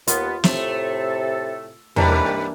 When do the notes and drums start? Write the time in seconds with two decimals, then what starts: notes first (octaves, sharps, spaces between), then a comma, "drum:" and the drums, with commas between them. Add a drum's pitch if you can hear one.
0.07 D#2 B3 F4, drum: hi-hat
0.44 A2 C3 A3 A4, drum: snare
1.96 C2 G2 D#3 E3 G3 A#3 D4 B4, drum: tom E2